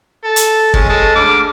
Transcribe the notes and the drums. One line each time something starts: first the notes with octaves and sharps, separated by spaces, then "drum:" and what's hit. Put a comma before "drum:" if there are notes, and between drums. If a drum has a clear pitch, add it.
A4
drum: hi-hat
G#3 C#4, drum: kick
G#3 A4
D3 D6 F6